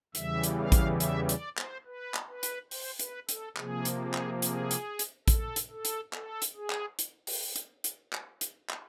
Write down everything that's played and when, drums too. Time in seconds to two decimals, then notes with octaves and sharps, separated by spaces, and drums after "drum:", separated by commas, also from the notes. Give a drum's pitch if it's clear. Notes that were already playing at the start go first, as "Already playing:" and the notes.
0.15 E2 C#3 E3 G3 E5, drum: hi-hat
0.43 drum: hi-hat
0.58 F5
0.72 drum: kick A1, hi-hat
1.00 E5, drum: hi-hat
1.29 D5, drum: hi-hat
1.58 C5, drum: clap
1.86 B4
2.14 drum: clap
2.28 B4
2.43 drum: hi-hat
2.71 C5, drum: open hi-hat
2.99 B4, drum: hi-hat
3.29 A4, drum: hi-hat
3.57 C3 F3 A#3 G#4, drum: clap
3.85 drum: hi-hat
4.00 G#4
4.14 drum: clap
4.42 G#4, drum: hi-hat
4.71 drum: hi-hat
4.99 drum: hi-hat
5.28 A4, drum: kick A1, hi-hat
5.56 drum: hi-hat
5.71 A4
5.85 drum: hi-hat
6.13 A4, drum: clap
6.42 drum: hi-hat
6.56 G#4
6.70 drum: clap
6.99 drum: hi-hat
7.27 drum: open hi-hat
7.56 drum: hi-hat
7.84 drum: hi-hat
8.13 drum: clap
8.41 drum: hi-hat
8.70 drum: clap